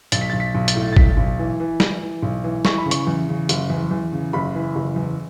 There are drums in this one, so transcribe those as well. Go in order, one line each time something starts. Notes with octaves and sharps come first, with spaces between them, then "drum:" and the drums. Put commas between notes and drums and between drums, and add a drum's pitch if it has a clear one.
B1 A6, drum: hi-hat
B6
A6
B1
B6
B1
A6, drum: hi-hat
A2
A6
B1 B6, drum: kick
B1
E3
E3
E3, drum: snare
E3
B1
E3
E3 C#6, drum: snare
B5
C#3
C#6, drum: hi-hat
E2
C#3
F#1, drum: hi-hat
E2
E2
C#3
F#1 B5
E3
F#1
E2